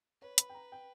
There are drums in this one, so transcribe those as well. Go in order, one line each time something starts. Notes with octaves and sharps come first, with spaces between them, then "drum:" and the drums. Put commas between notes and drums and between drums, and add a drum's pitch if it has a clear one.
B4 C#5
B5, drum: hi-hat
G5
A#5
G5